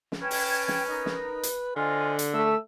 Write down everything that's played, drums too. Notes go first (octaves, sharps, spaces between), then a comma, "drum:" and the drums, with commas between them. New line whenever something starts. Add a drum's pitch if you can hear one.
drum: snare
C#4 B4 G5 A5 G#6
drum: open hi-hat
drum: snare
D#4 A#4 D#5
drum: snare
drum: hi-hat
D3 F4 C5 D#5 G#5
drum: hi-hat
A3 A4 E5 C#6 E6